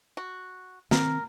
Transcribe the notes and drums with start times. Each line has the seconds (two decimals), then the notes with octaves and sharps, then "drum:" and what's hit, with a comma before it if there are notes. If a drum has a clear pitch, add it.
0.17 F#4
0.91 D#3 C4 A#4, drum: snare